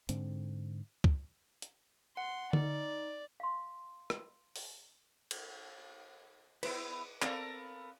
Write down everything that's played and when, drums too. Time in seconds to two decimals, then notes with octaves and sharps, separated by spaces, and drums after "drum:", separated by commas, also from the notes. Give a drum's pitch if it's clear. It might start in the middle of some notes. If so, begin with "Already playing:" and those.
0.09 G#2 D3 C4, drum: hi-hat
1.04 drum: kick
1.62 drum: hi-hat
2.17 F#5 C6
2.53 D#4 D5, drum: tom D3
3.40 F5 C6
4.10 drum: rim click
4.56 drum: open hi-hat
5.31 drum: cymbal
6.63 B3 E4 B4 C5, drum: cymbal
7.22 B3 C4 A4 A#4 D5 F5, drum: clap